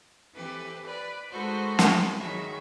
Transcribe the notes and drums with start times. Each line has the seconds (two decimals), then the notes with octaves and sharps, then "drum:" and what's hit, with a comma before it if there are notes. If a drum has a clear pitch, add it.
0.34 E3 C4 G4 A4 B4
0.85 B4 D5 B5
1.29 G#3 D#4 F#4 A4 B4 C5
1.79 drum: snare
2.15 D#3 F#3 F#4 G#4 E5 B5